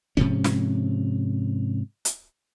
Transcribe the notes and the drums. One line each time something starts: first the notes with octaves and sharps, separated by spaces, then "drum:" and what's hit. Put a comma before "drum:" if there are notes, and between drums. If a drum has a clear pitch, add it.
G#2 C3 F3 C#4, drum: kick C#1
drum: snare
drum: hi-hat